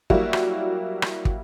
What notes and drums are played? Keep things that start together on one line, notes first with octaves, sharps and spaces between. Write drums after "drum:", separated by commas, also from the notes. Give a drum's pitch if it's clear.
F#3 G3 A#3 E4 F#4, drum: kick
drum: rim click
drum: rim click
drum: kick